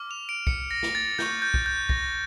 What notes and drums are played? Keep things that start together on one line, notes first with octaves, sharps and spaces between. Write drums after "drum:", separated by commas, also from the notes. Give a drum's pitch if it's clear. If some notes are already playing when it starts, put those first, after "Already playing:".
Already playing: D6 F6
F7
D7
C#7, drum: kick
A#6
drum: snare
A6
C#6 G6, drum: snare
G6
drum: kick
G6
A#6, drum: kick